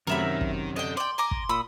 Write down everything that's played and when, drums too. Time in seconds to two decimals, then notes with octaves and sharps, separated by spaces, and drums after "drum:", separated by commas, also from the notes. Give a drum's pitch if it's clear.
0.07 F#2 C3 D#3 F#3 A3 A#4 E5 B5
0.23 D#3
0.41 drum: kick
0.76 A4 D5 D#5 G5
0.97 D5 G5 C6
1.18 G#5 A#5 D6
1.31 drum: kick
1.49 A#2 B5 D#6 E6